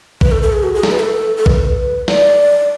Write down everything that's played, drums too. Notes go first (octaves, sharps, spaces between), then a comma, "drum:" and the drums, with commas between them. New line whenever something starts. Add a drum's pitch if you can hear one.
B4, drum: kick A#1
A4
A4
G#4
F#4
G#4
A4, drum: snare
B4
A4
A4
B4, drum: kick A#1
D5, drum: snare